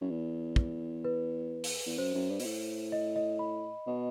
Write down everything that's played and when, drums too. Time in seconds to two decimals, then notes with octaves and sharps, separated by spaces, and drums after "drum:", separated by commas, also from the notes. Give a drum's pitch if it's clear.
0.02 F#2
0.10 E2
0.56 drum: kick
1.05 B4
1.64 drum: open hi-hat
1.87 E2
1.98 F#2 C5
2.14 F#2
2.30 G2
2.40 B2, drum: open hi-hat
2.45 A2
2.92 D#5
3.16 D#5
3.39 B5
3.87 B2